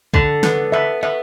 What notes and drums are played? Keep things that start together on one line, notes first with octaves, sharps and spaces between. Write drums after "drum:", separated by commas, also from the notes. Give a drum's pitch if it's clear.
D3, drum: kick
B3, drum: snare
B3 E5
B3 E5